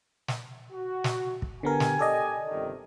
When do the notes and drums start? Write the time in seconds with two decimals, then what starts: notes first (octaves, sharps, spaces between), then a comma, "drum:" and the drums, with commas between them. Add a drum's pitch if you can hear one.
0.28 drum: snare
0.72 F#4
1.04 drum: snare
1.42 drum: kick
1.63 D3 B3 G4 A#4 G5 G#5
1.80 drum: snare
1.99 A4 D5 D#5
2.47 G1 C3 D#3